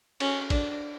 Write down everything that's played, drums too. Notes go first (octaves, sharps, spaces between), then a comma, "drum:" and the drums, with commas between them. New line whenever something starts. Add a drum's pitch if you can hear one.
C#4, drum: cymbal
D4, drum: kick, cymbal